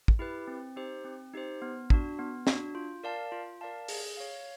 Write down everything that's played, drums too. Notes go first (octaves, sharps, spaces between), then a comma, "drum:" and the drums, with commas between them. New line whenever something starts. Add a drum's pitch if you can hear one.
drum: kick
E4 G4 B4
C4
D#4 G4 C5
C4
D#4 G4 C5
B3
D4 F#4, drum: kick
B3
D4 F#4, drum: snare
F4
A#4 D5 F5 A5
F4
A#4 D5 F5 A5
G#4, drum: open hi-hat
C#5 F5